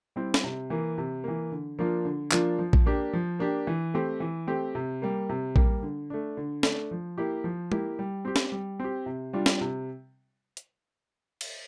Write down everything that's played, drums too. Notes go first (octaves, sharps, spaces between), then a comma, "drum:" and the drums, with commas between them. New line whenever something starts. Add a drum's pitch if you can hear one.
G3 C4 E4
drum: snare
C3
E3 A#3
C3
E3 A#3
D3
F3 A#3 D4 F4
D3
F3 A#3 D4 F4, drum: clap
F3
drum: kick A#1
A#3 D4 G4
F3
A#3 D4 G4
E3
A3 C4 G4
E3
A3 C4 G4
C3
G3 A#3
C3
G3 A#3, drum: kick A#1
D3
A3 D4
D3
A3 D4, drum: snare
F3
A#3 E4 G4
F3
A#3 E4 G4, drum: tom G#3
G3
C4 G4
drum: snare
G3
C4 G4
C3
G3 D4 F4
drum: snare
C3
drum: hi-hat
drum: cymbal